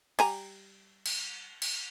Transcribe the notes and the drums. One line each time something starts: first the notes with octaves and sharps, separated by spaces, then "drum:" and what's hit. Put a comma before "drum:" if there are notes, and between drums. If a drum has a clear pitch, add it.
G3 G#5 A#5, drum: cymbal
drum: cymbal
drum: cymbal